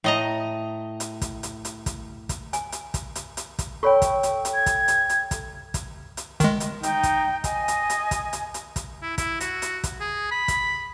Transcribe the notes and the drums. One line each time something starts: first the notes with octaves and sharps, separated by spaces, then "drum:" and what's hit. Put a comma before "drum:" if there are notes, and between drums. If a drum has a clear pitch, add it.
A2 D#5 A#5
drum: hi-hat
drum: kick, hi-hat
drum: hi-hat
drum: hi-hat
drum: kick, hi-hat
drum: kick, hi-hat
G#5, drum: hi-hat
drum: hi-hat
drum: kick, hi-hat
drum: hi-hat
drum: hi-hat
drum: kick, hi-hat
A4 C#5 G5 B5 C#6
drum: kick, hi-hat
drum: hi-hat
drum: hi-hat
G#6
drum: kick, hi-hat
drum: hi-hat
drum: hi-hat
drum: kick, hi-hat
drum: kick, hi-hat
drum: hi-hat
D#3 G#3, drum: kick, hi-hat
drum: hi-hat
D#4 G5, drum: hi-hat
drum: kick, hi-hat
D#5 G#5, drum: kick, hi-hat
drum: hi-hat
drum: hi-hat
drum: kick, hi-hat
drum: hi-hat
drum: hi-hat
drum: kick, hi-hat
E4
E4, drum: kick, hi-hat
F#4, drum: hi-hat
drum: hi-hat
drum: kick, hi-hat
G#4
B5
drum: kick, hi-hat